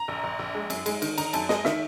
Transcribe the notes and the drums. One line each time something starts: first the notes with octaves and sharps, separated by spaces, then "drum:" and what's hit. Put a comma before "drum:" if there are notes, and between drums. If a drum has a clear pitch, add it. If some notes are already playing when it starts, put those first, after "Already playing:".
Already playing: A#5
A#1
A#1
A#1
G#3
F#2, drum: cymbal
G#3, drum: cymbal
D#3, drum: cymbal
D#3 A#5, drum: cymbal
F#2 A5, drum: cymbal
G#3 D#5, drum: snare
D#3 E5, drum: snare